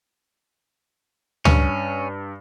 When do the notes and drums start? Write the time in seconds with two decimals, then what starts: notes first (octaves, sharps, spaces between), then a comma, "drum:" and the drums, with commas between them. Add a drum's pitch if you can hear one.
1.45 G2 C#4, drum: tom C#2